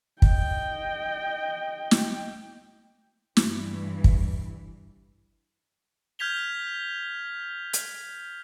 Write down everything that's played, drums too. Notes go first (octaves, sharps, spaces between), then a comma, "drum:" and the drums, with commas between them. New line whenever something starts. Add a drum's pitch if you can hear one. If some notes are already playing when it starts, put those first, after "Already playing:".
D#5 G5, drum: kick
drum: snare
G2 E3, drum: snare
drum: kick
F6 G6 G#6 B6 F7 G7
drum: hi-hat